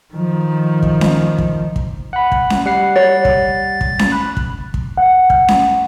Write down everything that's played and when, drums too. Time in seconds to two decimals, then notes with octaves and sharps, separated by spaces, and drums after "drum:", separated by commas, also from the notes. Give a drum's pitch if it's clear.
0.14 D#3 F3
0.83 drum: kick
1.01 drum: snare C#4
1.38 drum: kick
1.76 drum: kick
2.13 F#5 B5
2.32 drum: kick
2.50 drum: snare C#4
2.66 G3 F#5 C7
2.96 C#5 A6
3.25 drum: kick
3.81 drum: kick
3.99 drum: snare C#4
4.12 B5 F#6
4.37 drum: kick
4.74 drum: kick
4.97 F#5
5.30 drum: kick
5.48 drum: snare C#4